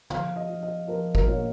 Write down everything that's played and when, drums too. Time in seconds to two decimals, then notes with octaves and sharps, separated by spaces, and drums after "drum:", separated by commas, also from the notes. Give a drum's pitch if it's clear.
0.10 F3 F5, drum: tom
0.36 D#5
0.49 F3
0.63 D#5
0.88 F3 A#4
1.15 A#4, drum: kick G#1
1.27 A#1 C#5